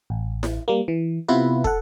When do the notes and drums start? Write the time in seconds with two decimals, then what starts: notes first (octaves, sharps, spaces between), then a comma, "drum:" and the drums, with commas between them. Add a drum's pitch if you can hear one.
0.10 A1
0.43 drum: snare E4
0.68 G3 A#3
0.88 E3
1.28 C3 B3 E4 F4 B4
1.64 A4 F#5, drum: kick